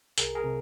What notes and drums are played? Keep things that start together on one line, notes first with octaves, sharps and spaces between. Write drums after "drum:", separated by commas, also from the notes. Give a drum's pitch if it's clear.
C2 G#4 A#4, drum: hi-hat
G#4 A#4
C3